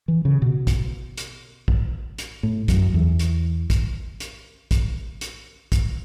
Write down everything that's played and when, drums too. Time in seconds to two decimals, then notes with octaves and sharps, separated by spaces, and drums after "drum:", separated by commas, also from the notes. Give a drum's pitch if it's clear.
0.08 E3
0.25 C#3
0.42 B2
0.67 drum: kick, hi-hat
1.17 drum: hi-hat
1.68 drum: kick
2.18 drum: hi-hat
2.43 A2
2.68 F#2, drum: kick, hi-hat
2.94 E2
3.19 drum: hi-hat
3.70 drum: kick, hi-hat
4.20 drum: hi-hat
4.71 drum: kick, hi-hat
5.21 drum: hi-hat
5.72 drum: kick, hi-hat